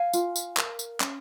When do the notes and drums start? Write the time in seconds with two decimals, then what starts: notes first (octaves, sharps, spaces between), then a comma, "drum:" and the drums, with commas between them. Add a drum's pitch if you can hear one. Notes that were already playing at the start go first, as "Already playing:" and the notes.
Already playing: F5 G#5
0.13 F4, drum: tambourine
0.36 drum: tambourine
0.57 A#4, drum: clap
0.79 drum: tambourine
1.00 C#4, drum: clap